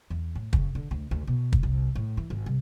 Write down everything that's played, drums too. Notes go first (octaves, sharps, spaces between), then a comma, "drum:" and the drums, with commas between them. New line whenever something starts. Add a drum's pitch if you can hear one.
E2
A2
C#3, drum: kick
D3
D2
D2
B2
drum: kick
C2
A2
E3
G#1
C2